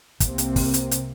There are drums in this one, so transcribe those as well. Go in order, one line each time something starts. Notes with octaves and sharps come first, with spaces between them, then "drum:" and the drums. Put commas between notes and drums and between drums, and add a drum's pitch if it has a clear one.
C2 C3 A#3 C4, drum: kick, hi-hat
drum: hi-hat
drum: kick, open hi-hat
drum: hi-hat
drum: hi-hat